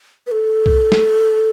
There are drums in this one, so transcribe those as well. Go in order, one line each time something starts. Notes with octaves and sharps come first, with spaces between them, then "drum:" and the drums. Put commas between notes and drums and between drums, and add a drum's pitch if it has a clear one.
B4
A4
drum: kick C2
drum: snare